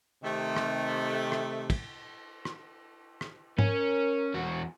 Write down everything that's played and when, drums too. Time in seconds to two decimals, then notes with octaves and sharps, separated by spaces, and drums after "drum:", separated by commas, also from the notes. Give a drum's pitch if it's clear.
0.24 C3 D#3 A3
0.56 drum: rim click
1.32 drum: rim click
1.70 drum: kick, cymbal
2.45 drum: rim click
3.21 drum: rim click
3.59 C#4 A#4, drum: tom G#2
4.34 E2 F#4